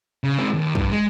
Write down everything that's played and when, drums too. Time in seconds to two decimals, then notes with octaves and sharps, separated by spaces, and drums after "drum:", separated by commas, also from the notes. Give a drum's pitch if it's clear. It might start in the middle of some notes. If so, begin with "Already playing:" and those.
0.24 C#3
0.39 G#3 C4
0.54 D#2
0.75 G2, drum: kick
0.91 G#3